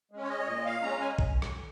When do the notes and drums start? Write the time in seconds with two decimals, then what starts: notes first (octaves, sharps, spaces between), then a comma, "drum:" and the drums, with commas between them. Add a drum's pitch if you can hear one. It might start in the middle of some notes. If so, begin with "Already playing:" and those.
0.11 G#3 C#4
0.23 C#5
0.30 D#5
0.39 C#5
0.47 A#2 D#5
0.66 F5
0.83 G#3 C#4 A#5
1.01 G#5
1.19 drum: kick A1
1.42 drum: rim click